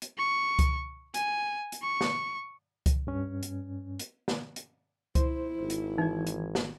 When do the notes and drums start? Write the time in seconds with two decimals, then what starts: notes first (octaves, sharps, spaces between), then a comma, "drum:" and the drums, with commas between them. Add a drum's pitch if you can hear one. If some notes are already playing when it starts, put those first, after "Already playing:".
0.02 drum: hi-hat
0.18 C#6
0.59 drum: kick C#2, hi-hat
1.14 G#5, drum: hi-hat
1.72 drum: hi-hat
1.82 C#6
2.01 drum: snare
2.86 drum: kick C#2, hi-hat
3.07 G2 C#4
3.43 drum: hi-hat
3.99 drum: hi-hat
4.28 drum: snare
4.56 drum: hi-hat
5.15 E4 C5, drum: kick C#2, hi-hat
5.61 G#1
5.70 drum: hi-hat
5.98 E3 D#4 G#6
6.27 drum: hi-hat
6.55 drum: snare